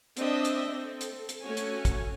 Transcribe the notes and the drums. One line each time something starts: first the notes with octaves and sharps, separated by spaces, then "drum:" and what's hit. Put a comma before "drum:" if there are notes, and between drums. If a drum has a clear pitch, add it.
C4 D4 D#5 E5, drum: hi-hat
drum: hi-hat
C4 A4
drum: hi-hat
drum: hi-hat
A3 C#4 F#4 C#5 G#5
drum: hi-hat
drum: kick, hi-hat